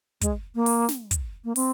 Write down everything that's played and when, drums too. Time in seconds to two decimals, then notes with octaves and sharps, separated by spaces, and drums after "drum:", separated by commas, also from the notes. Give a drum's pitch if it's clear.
0.21 G#3, drum: kick, hi-hat
0.55 A#3
0.66 drum: open hi-hat
0.88 drum: snare
1.11 drum: kick, hi-hat
1.45 A#3
1.56 C4, drum: open hi-hat